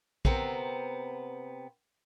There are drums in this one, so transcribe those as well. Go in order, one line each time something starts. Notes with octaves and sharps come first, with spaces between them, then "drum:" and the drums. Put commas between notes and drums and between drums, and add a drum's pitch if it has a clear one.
C3 B3 C4 A#4, drum: kick